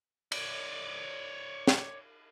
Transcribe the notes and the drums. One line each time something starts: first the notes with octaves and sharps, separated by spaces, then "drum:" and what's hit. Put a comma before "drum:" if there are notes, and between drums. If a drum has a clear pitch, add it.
C#5 D5, drum: cymbal
drum: snare